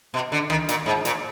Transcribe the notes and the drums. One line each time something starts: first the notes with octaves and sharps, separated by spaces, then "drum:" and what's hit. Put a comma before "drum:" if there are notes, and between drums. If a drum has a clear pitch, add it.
B2
D3
D#3, drum: rim click
A#2, drum: hi-hat
G#2
A#2, drum: hi-hat